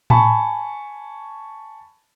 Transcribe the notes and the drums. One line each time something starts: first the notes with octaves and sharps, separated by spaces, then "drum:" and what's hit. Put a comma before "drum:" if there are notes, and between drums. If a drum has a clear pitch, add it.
G#5 A5 B5 C#6, drum: tom A2